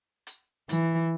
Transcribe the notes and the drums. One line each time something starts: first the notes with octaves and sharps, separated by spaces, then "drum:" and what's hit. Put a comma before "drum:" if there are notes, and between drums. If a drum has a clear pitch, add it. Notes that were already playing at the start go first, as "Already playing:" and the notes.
drum: hi-hat
E3, drum: hi-hat